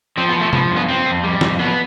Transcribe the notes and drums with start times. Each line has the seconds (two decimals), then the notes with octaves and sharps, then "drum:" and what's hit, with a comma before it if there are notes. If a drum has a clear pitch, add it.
0.17 F3 C4
0.29 B3
0.36 F3
0.41 A3
0.53 F3 B3, drum: tom
0.72 G2 B3
0.89 F2 C4
1.06 F2
1.24 G3
1.41 F2, drum: snare
1.59 B2 B3